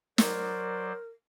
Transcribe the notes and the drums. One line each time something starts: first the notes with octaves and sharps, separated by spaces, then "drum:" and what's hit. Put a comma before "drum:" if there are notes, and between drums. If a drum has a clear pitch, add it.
F#3 A#4 C5 D5, drum: snare